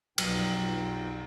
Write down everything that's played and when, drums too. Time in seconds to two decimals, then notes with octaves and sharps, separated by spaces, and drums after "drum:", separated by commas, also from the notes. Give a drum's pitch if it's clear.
0.18 B1 F2 F#3 D#4 F4 G4 G5, drum: cymbal